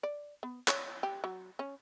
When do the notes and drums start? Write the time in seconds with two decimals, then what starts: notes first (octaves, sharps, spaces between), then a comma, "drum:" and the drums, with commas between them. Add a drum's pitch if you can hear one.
0.03 D5
0.43 B3
0.68 C#5, drum: clap
1.03 G4
1.24 F#3
1.59 C#4